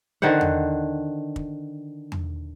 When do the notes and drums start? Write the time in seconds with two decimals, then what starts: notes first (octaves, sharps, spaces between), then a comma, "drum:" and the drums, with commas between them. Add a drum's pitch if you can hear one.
0.22 D3 D#3 C5 F#5
0.41 drum: tom E2
1.36 drum: kick
2.12 drum: tom E2